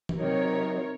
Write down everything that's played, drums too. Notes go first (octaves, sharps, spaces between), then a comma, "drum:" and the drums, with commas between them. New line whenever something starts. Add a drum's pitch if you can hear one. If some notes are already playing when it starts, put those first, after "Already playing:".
drum: tom E3
C3 F#3 D#4 A#4 C#5